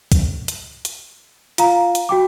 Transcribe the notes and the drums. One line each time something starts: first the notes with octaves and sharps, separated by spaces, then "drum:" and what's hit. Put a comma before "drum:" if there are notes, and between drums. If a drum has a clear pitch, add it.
drum: kick, hi-hat
drum: hi-hat
drum: hi-hat
F4 F5 A#5, drum: hi-hat
drum: hi-hat
F#4 G5 D6